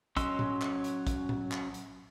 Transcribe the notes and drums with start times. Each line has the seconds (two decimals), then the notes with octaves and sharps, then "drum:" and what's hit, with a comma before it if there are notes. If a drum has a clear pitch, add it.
0.17 F#3 C#4 D#5 C6 E6, drum: kick, hi-hat
0.39 drum: tom A2
0.62 drum: clap
0.84 drum: hi-hat
1.07 drum: kick, hi-hat
1.29 drum: tom A2
1.52 drum: clap
1.74 drum: hi-hat